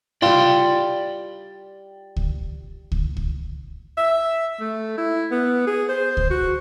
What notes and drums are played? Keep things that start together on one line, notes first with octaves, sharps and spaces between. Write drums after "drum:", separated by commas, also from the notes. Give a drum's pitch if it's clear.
G3 F4 D5 G5 C6
drum: kick C#2
drum: kick C#2
drum: kick C#2
E5
A3
E4
B3
G#4
C5
drum: kick C#2
F#4